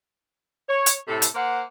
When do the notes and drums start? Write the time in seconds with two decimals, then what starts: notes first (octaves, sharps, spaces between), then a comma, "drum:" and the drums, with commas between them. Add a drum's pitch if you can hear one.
0.68 C#5
0.86 drum: hi-hat
1.08 A2 C3 A4
1.22 drum: hi-hat
1.34 A#3 C5 F#5